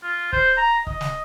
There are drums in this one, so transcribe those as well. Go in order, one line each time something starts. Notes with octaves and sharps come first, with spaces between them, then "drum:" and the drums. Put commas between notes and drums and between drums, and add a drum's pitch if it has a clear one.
F4
C5, drum: kick
A#5
D#5, drum: kick
drum: snare